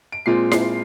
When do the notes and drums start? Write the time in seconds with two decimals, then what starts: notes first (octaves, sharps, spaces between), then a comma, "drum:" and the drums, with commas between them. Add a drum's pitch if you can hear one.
0.12 D7
0.26 A#2 G#3 C4 F4 C7
0.52 C7, drum: snare E4